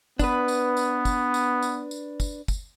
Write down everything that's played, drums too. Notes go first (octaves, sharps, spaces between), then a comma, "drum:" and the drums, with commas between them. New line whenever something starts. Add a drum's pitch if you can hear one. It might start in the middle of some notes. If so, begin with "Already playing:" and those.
B3 D4 B4, drum: kick, tambourine
drum: tambourine
drum: tambourine
drum: kick, tambourine
drum: tambourine
drum: tambourine
drum: tambourine
drum: kick, tambourine
drum: kick, tambourine